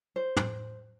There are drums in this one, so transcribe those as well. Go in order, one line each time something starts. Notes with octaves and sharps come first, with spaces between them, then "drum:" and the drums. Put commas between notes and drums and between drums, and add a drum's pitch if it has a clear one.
C5
drum: tom